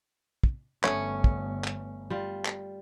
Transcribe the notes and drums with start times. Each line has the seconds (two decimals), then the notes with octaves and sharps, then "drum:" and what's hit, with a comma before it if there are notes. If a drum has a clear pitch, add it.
0.43 drum: kick
0.84 G1 A3 B3 C#4, drum: clap
1.24 drum: kick
1.65 drum: clap
2.10 G3 F4
2.45 drum: clap